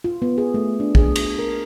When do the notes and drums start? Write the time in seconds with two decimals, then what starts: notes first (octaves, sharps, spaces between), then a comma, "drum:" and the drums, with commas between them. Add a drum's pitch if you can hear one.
0.04 F4
0.22 B3
0.38 G#4
0.54 A3
0.80 D4
0.95 G#4, drum: kick
1.16 drum: cymbal
1.39 A#4